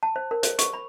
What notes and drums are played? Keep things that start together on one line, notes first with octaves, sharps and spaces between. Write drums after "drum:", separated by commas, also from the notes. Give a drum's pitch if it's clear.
A5
C5
A#4
C5, drum: hi-hat
C#6, drum: hi-hat
B5